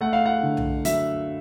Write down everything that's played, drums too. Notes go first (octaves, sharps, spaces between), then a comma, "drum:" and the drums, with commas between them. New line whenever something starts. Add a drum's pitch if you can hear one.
A3 F#5
F5
F#5
D3
drum: tom B1
F#3 E5, drum: hi-hat